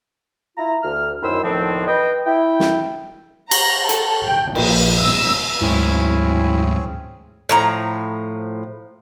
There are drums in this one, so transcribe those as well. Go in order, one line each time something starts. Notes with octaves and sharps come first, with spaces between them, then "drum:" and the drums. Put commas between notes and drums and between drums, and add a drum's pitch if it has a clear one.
E4 F4 A#5
D2 F6
F#2 D#3 C4 E4 C5 E6
D2 A2 D#3 F3 B3 C4
B4 D#5 G5
E4 G5
drum: snare
A#5, drum: cymbal
A4, drum: hi-hat
G5
A#1, drum: cymbal
E6
D2 G#2 F#3 C4 C#4 E4 G#4
A2 F3 A#5